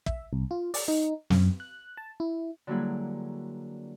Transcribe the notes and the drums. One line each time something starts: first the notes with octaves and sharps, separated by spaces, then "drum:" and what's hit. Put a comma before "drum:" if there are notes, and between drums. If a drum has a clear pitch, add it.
E5, drum: kick
C2
F4
D5, drum: open hi-hat
D#4
F#2, drum: snare
F#6
A5
E4
D3 F#3 G3 A#3 E4 G#4